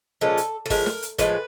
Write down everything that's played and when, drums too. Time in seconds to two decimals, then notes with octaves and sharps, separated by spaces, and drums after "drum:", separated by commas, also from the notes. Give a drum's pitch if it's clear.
0.21 A#2 F3 G#3 C#4 A4
0.37 drum: hi-hat
0.66 A4
0.70 A2 F3 G#3 A#4, drum: kick, open hi-hat
0.86 drum: snare
1.02 drum: hi-hat
1.18 A2 F3 G#3 B4, drum: kick, hi-hat